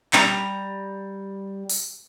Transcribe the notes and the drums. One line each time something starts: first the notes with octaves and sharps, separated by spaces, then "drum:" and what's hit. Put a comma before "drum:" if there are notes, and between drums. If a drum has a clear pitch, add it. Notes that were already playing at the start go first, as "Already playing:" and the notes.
G3 A#5, drum: clap
drum: open hi-hat